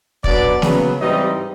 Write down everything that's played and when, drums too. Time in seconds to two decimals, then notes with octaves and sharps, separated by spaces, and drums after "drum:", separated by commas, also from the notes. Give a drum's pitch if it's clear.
0.24 B2 F#3 B3 D4 D5, drum: kick
0.62 C#3 F#3 B3, drum: snare
0.99 G#2 E3 G3 C4 D#4 D#5